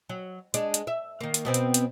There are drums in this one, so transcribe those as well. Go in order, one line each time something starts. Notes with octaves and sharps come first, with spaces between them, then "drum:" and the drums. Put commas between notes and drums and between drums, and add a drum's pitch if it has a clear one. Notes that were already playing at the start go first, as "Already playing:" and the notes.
F#3
G#3 D4, drum: hi-hat
drum: hi-hat
E5
D#3 A#3
drum: hi-hat
B2 B3 C4
drum: hi-hat
drum: hi-hat